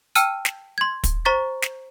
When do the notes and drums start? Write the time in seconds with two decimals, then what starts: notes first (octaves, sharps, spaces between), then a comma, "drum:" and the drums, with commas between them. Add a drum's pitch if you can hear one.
0.15 G5 A5 E6 F6 D#7, drum: hi-hat
0.45 drum: snare
0.78 C6 G#6
1.04 drum: kick, hi-hat
1.25 C5 A#5 C#6 A6 B6
1.62 drum: snare